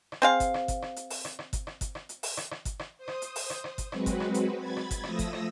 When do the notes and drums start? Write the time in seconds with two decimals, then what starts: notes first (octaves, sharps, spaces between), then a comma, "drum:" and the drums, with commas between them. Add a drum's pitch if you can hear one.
0.12 drum: rim click
0.22 C4 G#4 F5
0.40 drum: kick G1, hi-hat
0.54 drum: rim click
0.68 drum: kick G1, hi-hat
0.82 drum: rim click
0.96 drum: hi-hat
1.11 drum: open hi-hat
1.25 drum: rim click
1.39 drum: rim click
1.53 drum: kick G1, hi-hat
1.67 drum: rim click
1.81 drum: kick G1, hi-hat
1.95 drum: rim click
2.09 drum: hi-hat
2.23 drum: open hi-hat
2.37 drum: rim click
2.51 drum: rim click
2.65 drum: kick G1, hi-hat
2.79 drum: rim click
2.98 C5 D#6
3.08 drum: rim click
3.22 drum: hi-hat
3.36 drum: open hi-hat
3.50 drum: rim click
3.64 drum: rim click
3.78 drum: kick G1, hi-hat
3.92 F#3 G#3 C4 F#4 B4, drum: rim click
4.06 drum: kick G1, hi-hat
4.20 drum: rim click
4.34 drum: hi-hat
4.57 B5 G#6 A6
4.77 drum: rim click
4.91 drum: kick G1, hi-hat
5.03 F3 A3 D#6 E6 A#6, drum: rim click
5.19 drum: kick G1, hi-hat
5.33 drum: rim click